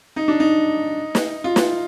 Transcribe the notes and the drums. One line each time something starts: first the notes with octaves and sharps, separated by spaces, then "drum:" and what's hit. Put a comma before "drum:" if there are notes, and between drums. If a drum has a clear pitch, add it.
D#4
D4
D#4
drum: snare
F4
drum: snare